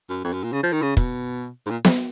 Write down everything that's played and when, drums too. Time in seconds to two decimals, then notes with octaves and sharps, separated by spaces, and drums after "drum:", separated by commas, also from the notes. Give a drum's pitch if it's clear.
0.09 F#2
0.24 F2
0.33 F#2
0.43 A#2
0.53 C#3
0.63 F3
0.72 D#3
0.82 C#3
0.97 B2, drum: kick
1.66 G#2
1.70 A#2
1.85 drum: snare B3